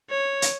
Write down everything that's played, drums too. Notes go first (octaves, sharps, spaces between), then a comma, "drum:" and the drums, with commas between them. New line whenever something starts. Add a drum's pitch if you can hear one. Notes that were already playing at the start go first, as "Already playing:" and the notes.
C#5
drum: hi-hat